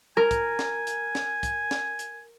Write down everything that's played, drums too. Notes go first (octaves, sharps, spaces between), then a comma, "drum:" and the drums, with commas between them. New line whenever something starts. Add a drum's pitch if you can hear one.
A#4 G#5
drum: kick, hi-hat
drum: snare
drum: hi-hat
drum: snare
drum: kick, hi-hat
drum: snare
drum: hi-hat